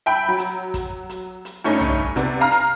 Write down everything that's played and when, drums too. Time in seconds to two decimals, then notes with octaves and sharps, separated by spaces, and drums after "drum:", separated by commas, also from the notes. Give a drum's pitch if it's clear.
0.06 E5 G5 B5
0.28 F#3
0.38 drum: hi-hat
0.74 drum: kick, hi-hat
1.09 drum: hi-hat
1.45 drum: hi-hat
1.64 G2 A3 C#4 D#4
1.80 drum: tom B1
2.16 C3 B3 D5, drum: hi-hat
2.41 F5 A#5 F6
2.51 drum: hi-hat